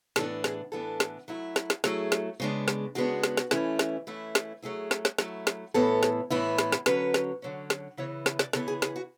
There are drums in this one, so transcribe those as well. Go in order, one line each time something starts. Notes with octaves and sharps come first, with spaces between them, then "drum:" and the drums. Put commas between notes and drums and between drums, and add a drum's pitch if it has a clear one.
A2 E3 B3 D4 A4, drum: snare
G#4, drum: snare
A2 E3 B3 D4 A4
drum: snare
F#3 A3 E4
drum: snare
drum: snare
F#3 A3 E4 G#4, drum: snare
drum: snare
C#3 G#3 B3 D4
drum: snare
C#3 G#3 B3 D4 F#4
drum: snare
drum: snare
E3 A3 C#4 E4, drum: snare
drum: snare
E3 A3 C#4 E4
drum: snare
F#3 A3 E4 G#4
drum: snare
drum: snare
F#3 A3 E4, drum: snare
drum: snare
A2 E3 B3 E4 A4
drum: snare
A2 E3 B3 E4
drum: snare
drum: snare
D3 F#3 C#4 B4, drum: snare
drum: snare
D3 F#3 C#4
drum: snare
C#3 E3 B3 E4 C#5
drum: snare
D5, drum: snare
C#3 E3 B3 E4 A4, drum: snare
G#4
G#4, drum: snare
F#4